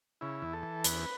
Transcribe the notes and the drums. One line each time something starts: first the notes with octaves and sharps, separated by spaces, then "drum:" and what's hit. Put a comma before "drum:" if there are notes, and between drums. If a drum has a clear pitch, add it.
C#3 E4
E2
A4
E3
E2 B4, drum: hi-hat